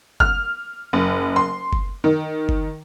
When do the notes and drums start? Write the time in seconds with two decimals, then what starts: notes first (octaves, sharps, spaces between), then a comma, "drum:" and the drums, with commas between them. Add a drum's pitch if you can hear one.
0.20 F6, drum: kick F#1
0.93 F#1
1.36 C6
1.73 drum: kick F#1
2.04 D#3
2.49 drum: kick F#1